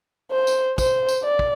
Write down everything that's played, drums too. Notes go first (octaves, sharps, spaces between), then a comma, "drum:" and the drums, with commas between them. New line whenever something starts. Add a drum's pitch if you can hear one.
C5
drum: tambourine
C5, drum: kick, tambourine
drum: tambourine
D5
drum: kick